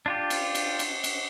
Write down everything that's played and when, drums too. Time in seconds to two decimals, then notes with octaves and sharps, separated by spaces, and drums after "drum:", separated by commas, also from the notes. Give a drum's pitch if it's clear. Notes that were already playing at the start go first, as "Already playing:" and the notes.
0.06 D4 F4 G4
0.30 drum: cymbal
0.55 drum: cymbal
0.79 drum: cymbal
1.04 drum: cymbal